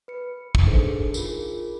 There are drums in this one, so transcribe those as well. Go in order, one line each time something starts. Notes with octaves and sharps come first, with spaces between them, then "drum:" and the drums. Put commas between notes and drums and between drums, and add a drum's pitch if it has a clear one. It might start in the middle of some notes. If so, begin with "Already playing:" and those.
B4 C#7
drum: kick
D4 D#4 G#4 A4 C5
F4 G#4 A#4, drum: tambourine